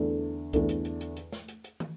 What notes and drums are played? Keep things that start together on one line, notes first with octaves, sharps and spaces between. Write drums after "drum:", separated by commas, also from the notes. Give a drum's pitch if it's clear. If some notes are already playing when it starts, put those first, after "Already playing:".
Already playing: E2 D3 A3 D4 A4
E2 D3 A3 D4 A4, drum: kick C2, hi-hat
drum: hi-hat
drum: hi-hat
drum: hi-hat
drum: hi-hat
drum: snare
drum: hi-hat
drum: hi-hat
drum: tom